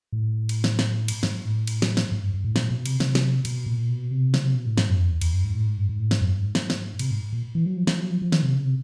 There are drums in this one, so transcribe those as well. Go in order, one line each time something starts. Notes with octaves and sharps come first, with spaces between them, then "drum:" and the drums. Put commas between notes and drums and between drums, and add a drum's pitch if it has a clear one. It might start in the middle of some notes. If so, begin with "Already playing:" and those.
A2
drum: cymbal
drum: snare
drum: snare
drum: cymbal
G#2, drum: snare
A2
drum: cymbal
drum: snare
drum: snare
G#2
G2
G2
A2
A#2, drum: snare
B2
C3, drum: cymbal
C3, drum: snare
drum: snare
B2, drum: cymbal
A#2
B2
C3
C#3, drum: snare
C3
B2
A2
G#2, drum: snare
F#2
F2
E2
E2, drum: cymbal
F#2
G#2
A2
G#2
G2
G#2
A2
G#2, drum: snare
F#2
G2
G#2
drum: snare
drum: snare
C3, drum: cymbal
G#2
A#2
E3
F#3
F3
F3, drum: snare
F#3
F3
F3
D#3, drum: snare
C3
C#3
C3